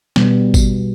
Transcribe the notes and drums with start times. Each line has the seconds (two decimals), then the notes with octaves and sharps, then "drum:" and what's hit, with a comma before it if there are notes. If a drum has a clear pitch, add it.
0.16 B2 G3 B3, drum: snare
0.54 drum: kick G#1, tambourine